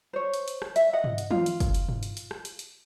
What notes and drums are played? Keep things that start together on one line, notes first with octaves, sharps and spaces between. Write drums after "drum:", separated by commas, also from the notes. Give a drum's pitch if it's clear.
C5 C#5
drum: hi-hat
drum: hi-hat
drum: rim click
E5, drum: hi-hat
D#5 F#5
drum: tom
drum: hi-hat
F4, drum: tom
drum: hi-hat
drum: kick, hi-hat
drum: hi-hat
drum: tom
drum: hi-hat
drum: hi-hat
drum: rim click
drum: hi-hat
drum: hi-hat